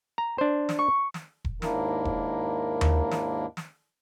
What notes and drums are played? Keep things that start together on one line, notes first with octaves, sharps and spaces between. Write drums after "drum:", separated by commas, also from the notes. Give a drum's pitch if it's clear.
A#5
D4 C5
drum: snare
C#6
drum: snare
drum: kick E1
D#2 G#2 A#3 D4 E4 A#4, drum: snare
drum: kick E1
drum: tom D#2
drum: snare
drum: snare